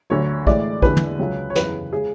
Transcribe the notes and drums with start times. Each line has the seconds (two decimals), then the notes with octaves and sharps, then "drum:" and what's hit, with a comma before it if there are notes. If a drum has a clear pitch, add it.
0.10 D2 D3 F#3 C#5
0.47 A1 A2 G#3 D5, drum: kick
0.82 E2 D3 G#3 B4, drum: kick
0.97 drum: tom
1.19 C#2 C#3 F#3
1.50 C#5
1.55 F#1 E2 C#3 B4, drum: snare
1.93 C#3 G#3 G#4